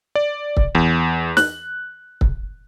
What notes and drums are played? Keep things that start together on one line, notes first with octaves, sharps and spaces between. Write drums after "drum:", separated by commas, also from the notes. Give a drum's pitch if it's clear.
D5
drum: kick
E2
F#6, drum: snare
drum: kick